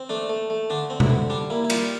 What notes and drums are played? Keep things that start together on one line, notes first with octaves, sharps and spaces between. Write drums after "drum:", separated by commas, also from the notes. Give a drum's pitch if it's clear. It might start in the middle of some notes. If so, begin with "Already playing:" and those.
Already playing: C4
A3 D4
A3
A3
D3 D4
C4
E4, drum: tom C3
D3
G3 D4
A#3 E4
E4
G3 F4, drum: cymbal